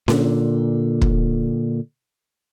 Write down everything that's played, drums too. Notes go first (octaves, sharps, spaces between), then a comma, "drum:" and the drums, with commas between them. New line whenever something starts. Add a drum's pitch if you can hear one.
A#2 D3, drum: snare C#4
drum: kick